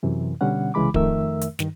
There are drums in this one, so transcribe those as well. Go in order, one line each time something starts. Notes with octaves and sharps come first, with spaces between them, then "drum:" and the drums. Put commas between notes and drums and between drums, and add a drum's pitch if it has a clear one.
F#2 C3 E3
B2 D3 G3 C#4 F#5
C2 C#3 E3 G#3 B5 D6
F2 D#3 A3 A#4 E5 E6, drum: kick D1
drum: hi-hat
G2 D#3, drum: snare